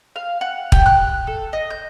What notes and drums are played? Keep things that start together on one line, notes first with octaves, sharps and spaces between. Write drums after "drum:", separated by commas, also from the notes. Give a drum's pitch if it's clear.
F5
F#5
G4, drum: kick
F#6
A4
D#5
G6